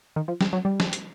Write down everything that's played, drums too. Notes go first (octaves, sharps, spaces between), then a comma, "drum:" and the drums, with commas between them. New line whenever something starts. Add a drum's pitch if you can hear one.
D#3
F3
G3, drum: snare
F#3
G3
drum: snare
drum: hi-hat